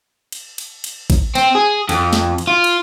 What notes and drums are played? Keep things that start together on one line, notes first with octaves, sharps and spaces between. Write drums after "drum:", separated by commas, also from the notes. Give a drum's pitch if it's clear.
drum: cymbal
drum: cymbal
drum: cymbal
drum: kick G#1, cymbal
C4, drum: cymbal
G#4
F2, drum: cymbal
drum: snare
drum: cymbal
F4
drum: cymbal